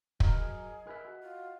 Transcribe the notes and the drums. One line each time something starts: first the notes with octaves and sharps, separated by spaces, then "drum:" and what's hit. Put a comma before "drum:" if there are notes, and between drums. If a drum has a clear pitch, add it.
F#3 A#4 B4 D#5, drum: kick
G#4
A#4 B4 E5
F#4
F4